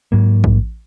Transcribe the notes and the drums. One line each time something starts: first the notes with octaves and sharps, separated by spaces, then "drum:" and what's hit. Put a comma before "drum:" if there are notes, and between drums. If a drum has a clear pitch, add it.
G#2 F#3 A#3
drum: kick A1